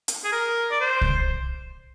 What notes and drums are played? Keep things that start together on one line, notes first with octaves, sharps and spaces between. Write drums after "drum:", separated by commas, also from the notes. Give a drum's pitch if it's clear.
drum: hi-hat
G#4
A#4
D5
C5
drum: kick C2